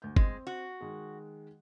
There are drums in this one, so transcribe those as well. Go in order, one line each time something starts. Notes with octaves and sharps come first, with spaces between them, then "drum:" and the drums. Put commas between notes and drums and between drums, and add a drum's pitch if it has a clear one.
D2 G6
G#3 C4, drum: kick G1
F#4
D#3 G#3